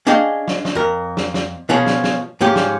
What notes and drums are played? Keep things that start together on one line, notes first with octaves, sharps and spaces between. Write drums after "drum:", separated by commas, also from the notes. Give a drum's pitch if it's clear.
C#4 D4 G#4 D#5 F5 G5
drum: snare
drum: snare
F2 A#4
drum: snare
drum: snare
B2 F3 C#4 G#4
drum: snare
drum: snare
G#2 F3 C#4 G4
drum: snare